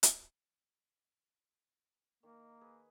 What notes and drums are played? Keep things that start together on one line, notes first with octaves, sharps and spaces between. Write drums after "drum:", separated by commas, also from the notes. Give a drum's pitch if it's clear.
drum: hi-hat
D#3 A#3
G#4 B4